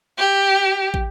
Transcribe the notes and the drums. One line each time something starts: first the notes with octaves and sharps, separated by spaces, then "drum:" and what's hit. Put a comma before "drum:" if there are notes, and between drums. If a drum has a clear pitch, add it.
G4
drum: kick